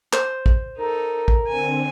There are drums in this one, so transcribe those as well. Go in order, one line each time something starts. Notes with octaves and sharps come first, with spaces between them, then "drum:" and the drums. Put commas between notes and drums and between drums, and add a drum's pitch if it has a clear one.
C5, drum: clap
drum: kick
D#4 A4 A#4
drum: kick
D3 C4 G#5